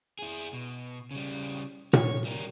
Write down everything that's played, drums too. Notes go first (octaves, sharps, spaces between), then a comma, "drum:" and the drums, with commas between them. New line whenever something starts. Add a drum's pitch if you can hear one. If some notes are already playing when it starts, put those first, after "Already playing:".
E4 G#4
B2
C#3 G3
C#5, drum: tom A#2
G3 A#4